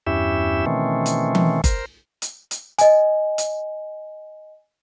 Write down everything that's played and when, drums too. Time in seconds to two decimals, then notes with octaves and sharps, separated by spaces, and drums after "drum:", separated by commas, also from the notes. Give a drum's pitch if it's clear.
0.07 E2 G2 C#4 E4 G4 E5
0.66 B2 D#3 E3 A3 C4 C#4
1.06 drum: hi-hat
1.35 drum: tom E3
1.64 A#4 C5, drum: kick G1, hi-hat
2.22 drum: hi-hat
2.51 drum: hi-hat
2.79 D#5 G#5, drum: hi-hat
3.38 drum: hi-hat